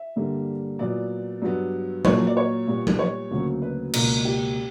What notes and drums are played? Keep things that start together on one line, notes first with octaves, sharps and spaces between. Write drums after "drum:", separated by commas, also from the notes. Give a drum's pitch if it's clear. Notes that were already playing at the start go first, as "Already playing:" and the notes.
Already playing: E5
G2 D3 G3 A#3
A#2 F#3 B3 D5
G2 F#3 B3
A#2 F#3 A#3 C#5, drum: tom F#3
D5
C#5
A#2 G3 B3
drum: tom F#3
C#5
D2 C#3 F#3 A#3
B4
C#2 B2 A#3 A#4, drum: cymbal
G4